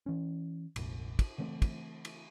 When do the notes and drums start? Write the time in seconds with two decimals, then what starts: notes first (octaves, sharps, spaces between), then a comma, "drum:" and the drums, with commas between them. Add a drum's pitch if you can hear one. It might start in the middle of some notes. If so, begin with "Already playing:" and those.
0.06 E3 C#4
0.76 F1 A#1, drum: cymbal
1.19 drum: kick, cymbal
1.38 C#3 E3 A3 C4
1.62 drum: kick, cymbal
2.05 drum: cymbal